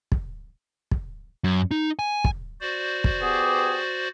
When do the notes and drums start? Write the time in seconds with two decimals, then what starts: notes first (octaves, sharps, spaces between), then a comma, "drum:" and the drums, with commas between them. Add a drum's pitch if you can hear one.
0.12 drum: kick
0.91 drum: kick
1.44 F#2
1.71 D#4
1.99 G#5
2.24 drum: kick
2.61 F#4 C5 D5
3.04 drum: kick
3.21 B3 G4 G#4